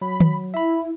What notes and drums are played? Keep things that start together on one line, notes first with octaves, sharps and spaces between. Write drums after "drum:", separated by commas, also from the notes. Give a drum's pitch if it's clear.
F#3 B5
drum: tom D#3
E4 E5 B5